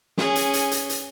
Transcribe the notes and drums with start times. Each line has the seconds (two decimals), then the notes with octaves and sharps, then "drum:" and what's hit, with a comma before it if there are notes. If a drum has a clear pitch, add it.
0.17 C#4 G#4, drum: snare
0.35 drum: hi-hat
0.53 drum: hi-hat
0.71 drum: hi-hat
0.89 drum: hi-hat